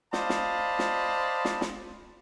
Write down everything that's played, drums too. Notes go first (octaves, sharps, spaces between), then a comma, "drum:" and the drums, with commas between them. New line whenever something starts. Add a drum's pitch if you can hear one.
C5 D5 D#5 F5 A5 B5, drum: snare
drum: snare
drum: snare
drum: snare
drum: snare